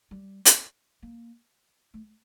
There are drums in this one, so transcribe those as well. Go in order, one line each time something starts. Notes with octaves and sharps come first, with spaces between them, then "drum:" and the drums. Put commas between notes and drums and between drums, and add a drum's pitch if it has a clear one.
G3
drum: hi-hat
A#3
A3